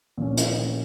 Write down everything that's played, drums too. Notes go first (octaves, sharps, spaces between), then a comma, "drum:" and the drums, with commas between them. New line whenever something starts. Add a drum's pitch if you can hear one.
A#2 F3 A3 C#4
drum: hi-hat